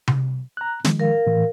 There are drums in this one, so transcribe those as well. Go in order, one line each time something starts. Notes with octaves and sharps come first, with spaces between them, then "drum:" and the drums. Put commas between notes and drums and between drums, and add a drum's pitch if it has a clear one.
drum: tom C3
A#5 F#6
D#3 F3 G#3, drum: snare
A#4 F5
A2 E3